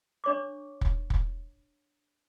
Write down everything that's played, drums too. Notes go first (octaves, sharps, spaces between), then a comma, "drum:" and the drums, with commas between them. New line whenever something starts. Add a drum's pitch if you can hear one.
D4 C#5 C#6 D6
drum: kick
drum: kick